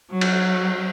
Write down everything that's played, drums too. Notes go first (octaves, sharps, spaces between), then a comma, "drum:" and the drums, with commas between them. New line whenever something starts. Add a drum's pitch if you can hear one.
F#3
drum: cymbal